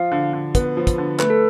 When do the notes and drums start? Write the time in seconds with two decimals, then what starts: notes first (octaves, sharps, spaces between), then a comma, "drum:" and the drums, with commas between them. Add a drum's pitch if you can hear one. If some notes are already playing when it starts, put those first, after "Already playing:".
Already playing: F3 F5
0.12 D3
0.33 D3
0.55 B3, drum: kick, hi-hat
0.77 F3
0.87 drum: kick, hi-hat
0.98 D3
1.19 A3 B4, drum: clap
1.30 A4